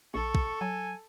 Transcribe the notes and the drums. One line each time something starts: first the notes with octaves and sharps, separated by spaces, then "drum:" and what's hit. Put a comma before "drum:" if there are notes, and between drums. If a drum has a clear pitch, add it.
A#1 A4 C#6
drum: kick
F#3 G#5